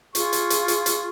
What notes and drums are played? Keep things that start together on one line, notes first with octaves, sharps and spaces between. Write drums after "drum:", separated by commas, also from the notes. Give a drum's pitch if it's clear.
F4 G#4 C#6, drum: hi-hat
drum: hi-hat
drum: hi-hat
drum: hi-hat
drum: hi-hat